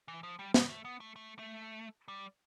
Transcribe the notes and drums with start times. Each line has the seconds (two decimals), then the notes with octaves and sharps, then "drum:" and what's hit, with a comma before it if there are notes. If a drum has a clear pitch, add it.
0.08 E3
0.23 F3
0.39 G3
0.54 B3, drum: snare
0.69 A3
0.85 B3
1.00 A3
1.16 A3
1.39 A3
2.08 G3